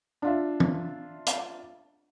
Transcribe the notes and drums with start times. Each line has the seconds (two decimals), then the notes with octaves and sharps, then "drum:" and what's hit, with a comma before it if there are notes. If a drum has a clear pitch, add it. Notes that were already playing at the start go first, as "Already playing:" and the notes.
0.22 D4 F4 E5
0.60 drum: tom
1.26 drum: hi-hat